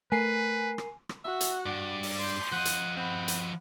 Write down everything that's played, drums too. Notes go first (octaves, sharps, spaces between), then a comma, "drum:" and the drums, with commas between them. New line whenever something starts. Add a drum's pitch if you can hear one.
A3 A#4 B4 G#5 C7
drum: rim click
drum: rim click
F#4 E5 F#5
drum: hi-hat
G2 D5
drum: open hi-hat
C6 G6
F3 D#5 F#5
drum: hi-hat
C4 F#5 B5
drum: hi-hat